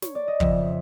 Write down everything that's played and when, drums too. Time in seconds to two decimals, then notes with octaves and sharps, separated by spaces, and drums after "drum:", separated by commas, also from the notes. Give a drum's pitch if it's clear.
0.02 C#5, drum: snare
0.15 D5
0.28 D#5
0.40 F2 C#3 F3 E5, drum: kick